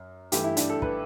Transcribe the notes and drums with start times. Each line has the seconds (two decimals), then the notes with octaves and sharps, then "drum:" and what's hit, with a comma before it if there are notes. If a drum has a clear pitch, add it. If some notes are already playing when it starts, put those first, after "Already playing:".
Already playing: F#2
0.32 G2 E3 A3 G4, drum: hi-hat
0.44 E4
0.57 D4, drum: hi-hat
0.70 A4
0.82 B4, drum: kick